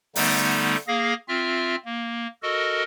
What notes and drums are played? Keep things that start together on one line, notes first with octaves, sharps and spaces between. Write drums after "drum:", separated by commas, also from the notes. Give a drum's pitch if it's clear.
D3 G3 A3 B3 D#4, drum: open hi-hat
A#3 G#4 F5 A#6
C4 F4 E5 F6
A#3
F#4 A4 A#4 D#5